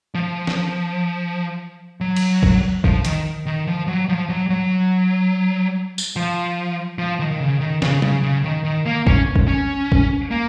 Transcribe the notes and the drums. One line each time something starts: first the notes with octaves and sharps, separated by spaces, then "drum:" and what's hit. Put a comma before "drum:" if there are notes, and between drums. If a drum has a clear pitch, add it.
F3
drum: snare
F#3
drum: cymbal
drum: kick
F3, drum: kick
D#3, drum: hi-hat
D#3
F3
F#3
F3
F#3
F#3
drum: tambourine
F3
F3
D#3
D#3
C#3
D#3
C#3, drum: snare
C#3, drum: tom F#3
C#3
D#3
D#3
A#3
C#4, drum: kick
drum: kick
C#4
drum: kick
A#3